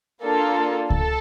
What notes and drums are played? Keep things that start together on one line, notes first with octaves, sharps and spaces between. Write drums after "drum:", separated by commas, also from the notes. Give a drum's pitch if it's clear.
A#3 D4 F4 A4
A4, drum: kick C#2